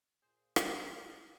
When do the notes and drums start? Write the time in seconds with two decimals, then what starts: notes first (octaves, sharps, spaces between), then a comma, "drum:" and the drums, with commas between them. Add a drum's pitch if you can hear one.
0.22 A#2 G#4 C5
0.56 C6 E6, drum: rim click
0.97 F3 C4 C#4 D#7